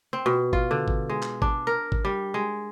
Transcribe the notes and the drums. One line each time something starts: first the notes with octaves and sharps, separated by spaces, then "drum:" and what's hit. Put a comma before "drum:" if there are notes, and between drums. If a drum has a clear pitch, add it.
C4
B2
F4, drum: kick G#1
D3
drum: kick G#1
G#3
drum: clap
D4, drum: kick G#1
A#4
drum: kick G#1
G3
G#3